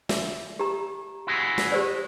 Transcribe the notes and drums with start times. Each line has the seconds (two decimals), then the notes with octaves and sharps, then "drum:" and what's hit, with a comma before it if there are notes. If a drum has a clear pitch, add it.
0.09 E5, drum: snare
0.59 G4 A#5
1.27 E4 F#4 G#4
1.58 drum: snare
1.72 G4 C5 D5